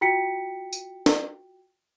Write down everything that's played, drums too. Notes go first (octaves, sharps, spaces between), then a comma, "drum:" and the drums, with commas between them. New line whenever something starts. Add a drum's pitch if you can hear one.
F4 F#4 G5 B6 C#7
drum: tambourine
drum: snare